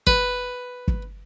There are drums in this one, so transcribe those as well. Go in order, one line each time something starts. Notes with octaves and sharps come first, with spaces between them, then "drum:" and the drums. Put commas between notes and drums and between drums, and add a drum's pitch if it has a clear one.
B4, drum: kick
drum: kick